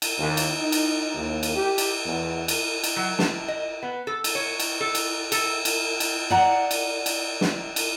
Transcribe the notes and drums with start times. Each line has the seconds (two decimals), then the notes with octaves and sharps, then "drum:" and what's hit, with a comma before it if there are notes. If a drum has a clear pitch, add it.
0.02 drum: cymbal
0.18 D#2
0.37 drum: cymbal
0.60 D#4
0.72 drum: cymbal
1.15 D#2
1.43 drum: cymbal
1.56 G4
1.78 drum: cymbal
2.06 E2
2.48 drum: cymbal
2.84 drum: cymbal
2.96 F#3
3.19 A5, drum: snare
3.48 D#5
3.83 B3
4.07 A4
4.24 drum: cymbal
4.35 C#5
4.59 drum: cymbal
4.81 A4
4.95 drum: cymbal
5.32 A4, drum: cymbal
5.65 drum: cymbal
6.00 drum: cymbal
6.30 D5 F#5 A#5
6.71 drum: cymbal
7.06 drum: cymbal
7.41 drum: snare
7.76 drum: cymbal